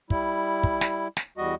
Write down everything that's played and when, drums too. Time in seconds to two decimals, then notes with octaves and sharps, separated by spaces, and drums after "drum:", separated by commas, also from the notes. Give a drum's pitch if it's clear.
0.10 G3 E4, drum: kick
0.63 drum: kick
0.81 drum: snare
1.17 drum: snare
1.37 E2 G3 F#4 D#5